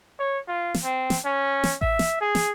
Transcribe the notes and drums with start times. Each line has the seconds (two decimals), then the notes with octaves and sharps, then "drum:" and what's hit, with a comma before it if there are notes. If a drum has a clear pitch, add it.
0.19 C#5
0.48 F4
0.74 drum: snare
0.84 C4
1.10 drum: snare
1.25 C#4
1.64 drum: snare
1.81 E5, drum: kick A1
1.99 drum: snare
2.21 G#4
2.35 drum: snare